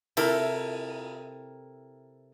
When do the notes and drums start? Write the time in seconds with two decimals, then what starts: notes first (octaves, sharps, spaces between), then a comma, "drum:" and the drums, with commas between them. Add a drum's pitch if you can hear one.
0.17 C3 E4 A4 A#4, drum: cymbal